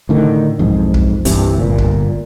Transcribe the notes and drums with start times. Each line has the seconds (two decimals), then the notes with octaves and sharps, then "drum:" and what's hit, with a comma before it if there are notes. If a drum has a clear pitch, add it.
0.09 A2 D3 D#3
0.59 B1 F2 G#2
0.94 drum: kick
1.25 C2 G2 C3 E3, drum: hi-hat
1.56 G1 A#2
1.79 drum: kick